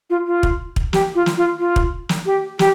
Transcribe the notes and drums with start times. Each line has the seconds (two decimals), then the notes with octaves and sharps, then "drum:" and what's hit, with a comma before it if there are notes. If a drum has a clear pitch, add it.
0.10 F4
0.26 F4
0.43 drum: kick
0.76 drum: kick
0.93 G4, drum: snare
1.15 F4
1.26 drum: snare
1.37 F4
1.59 F4
1.76 drum: kick
2.09 drum: snare
2.26 G4
2.59 G4, drum: snare